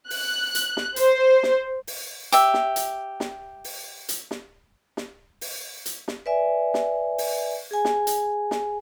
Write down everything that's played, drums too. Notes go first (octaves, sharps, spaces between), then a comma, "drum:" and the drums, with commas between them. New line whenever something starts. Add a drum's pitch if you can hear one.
F#6, drum: open hi-hat
drum: hi-hat
drum: snare
C5, drum: hi-hat
drum: snare
drum: open hi-hat
G4 E5, drum: hi-hat
drum: snare
drum: hi-hat
drum: snare
drum: open hi-hat
drum: hi-hat
drum: snare
drum: snare
drum: open hi-hat
drum: hi-hat
drum: snare
B4 D5 E5 G#5
drum: snare
drum: open hi-hat
G#4 G#5
drum: snare
drum: hi-hat
drum: snare